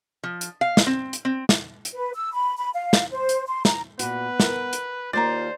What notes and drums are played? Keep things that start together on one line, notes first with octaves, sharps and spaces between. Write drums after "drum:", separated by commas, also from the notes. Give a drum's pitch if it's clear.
F3
drum: hi-hat
F5
drum: snare
C4
drum: hi-hat
C4
drum: snare
drum: hi-hat
B4
E6
B5
B5
F5
drum: snare
C5
drum: hi-hat
C6
A#5, drum: snare
A#2 B3 F#4 B4, drum: hi-hat
A#4 F#5, drum: snare
drum: hi-hat
D#2 A#3 F4 C5 D5 A#5